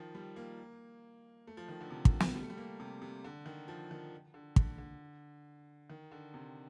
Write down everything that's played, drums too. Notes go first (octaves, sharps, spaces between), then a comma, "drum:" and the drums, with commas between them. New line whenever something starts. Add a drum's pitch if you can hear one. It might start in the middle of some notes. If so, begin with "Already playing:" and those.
Already playing: D#3 F3
G3
A#3
A3
F3
D#3
D3
C3
D3, drum: kick
D#3, drum: snare
G3
A3
G3
A#3
C3
C3
D3
D#3
F3
D#3
D3
D3, drum: kick
D3
D#3
D3
C3